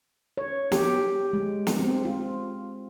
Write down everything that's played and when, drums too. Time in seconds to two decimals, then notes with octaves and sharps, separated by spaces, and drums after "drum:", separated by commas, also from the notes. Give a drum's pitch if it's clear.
0.37 C#5
0.72 G4, drum: snare
1.33 G#3
1.67 drum: snare
1.79 C4
2.05 F4